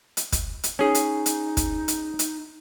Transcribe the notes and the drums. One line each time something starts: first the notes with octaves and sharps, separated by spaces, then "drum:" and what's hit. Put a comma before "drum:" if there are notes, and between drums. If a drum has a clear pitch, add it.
drum: hi-hat
drum: kick, hi-hat
drum: hi-hat
C#4 D#4 G#4
drum: hi-hat
drum: hi-hat
drum: kick, hi-hat
drum: hi-hat
drum: hi-hat